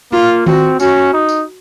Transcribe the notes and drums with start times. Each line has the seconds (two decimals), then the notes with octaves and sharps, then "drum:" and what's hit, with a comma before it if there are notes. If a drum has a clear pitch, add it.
0.12 A#3 F4
0.46 C4 F#4, drum: tom D#3
0.80 C#4 F#4, drum: tambourine
1.13 D#4
1.29 drum: tambourine